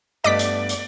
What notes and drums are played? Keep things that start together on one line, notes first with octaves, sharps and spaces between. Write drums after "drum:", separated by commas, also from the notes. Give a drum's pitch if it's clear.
G2 A3 B3 D5 D#5 D6 B6
drum: hi-hat
drum: hi-hat